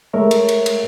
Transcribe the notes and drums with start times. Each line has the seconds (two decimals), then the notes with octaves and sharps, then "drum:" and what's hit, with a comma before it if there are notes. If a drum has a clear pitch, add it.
0.13 G#3 A3 A#4 C#5 E5
0.31 drum: cymbal
0.48 drum: cymbal
0.66 drum: cymbal